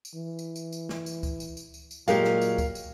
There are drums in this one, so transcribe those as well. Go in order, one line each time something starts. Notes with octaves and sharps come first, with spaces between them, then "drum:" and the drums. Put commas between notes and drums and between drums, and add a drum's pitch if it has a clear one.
drum: tambourine
E3
drum: tambourine
drum: tambourine
drum: tambourine
drum: snare
drum: tambourine
drum: kick C#2, tambourine
drum: tambourine
drum: tambourine
drum: tambourine
drum: tambourine
A#2 F#3 G#3 G4 A#4 F5, drum: tambourine
drum: snare
drum: tambourine
drum: kick C#2, tambourine
drum: tambourine